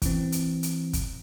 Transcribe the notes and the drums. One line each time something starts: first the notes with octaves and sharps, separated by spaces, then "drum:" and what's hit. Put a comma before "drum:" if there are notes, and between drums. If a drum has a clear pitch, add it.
E3 C4, drum: kick, hi-hat
drum: hi-hat
drum: hi-hat
drum: kick, hi-hat